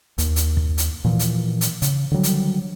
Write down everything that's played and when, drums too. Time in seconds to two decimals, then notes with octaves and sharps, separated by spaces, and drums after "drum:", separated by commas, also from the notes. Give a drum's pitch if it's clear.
0.18 D#2, drum: hi-hat
0.36 drum: hi-hat
0.57 drum: kick
0.78 drum: hi-hat
1.04 A#2 E3 F3
1.19 drum: hi-hat
1.61 drum: hi-hat
1.82 C#3, drum: hi-hat
2.11 D3 D#3 F#3 G3
2.23 drum: hi-hat